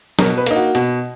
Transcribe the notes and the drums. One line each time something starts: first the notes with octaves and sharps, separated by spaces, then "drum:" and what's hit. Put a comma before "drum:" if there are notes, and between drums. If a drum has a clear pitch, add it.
B2 A#4, drum: snare
B4
A#3 D#4, drum: hi-hat
F#4
B2, drum: hi-hat